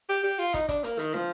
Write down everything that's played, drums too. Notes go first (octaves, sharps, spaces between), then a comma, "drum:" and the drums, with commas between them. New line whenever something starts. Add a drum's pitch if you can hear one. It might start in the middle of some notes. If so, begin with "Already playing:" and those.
G4
G4
F4
D#4, drum: kick, hi-hat
D4, drum: kick, hi-hat
A#3, drum: hi-hat
D#3, drum: hi-hat
F3, drum: snare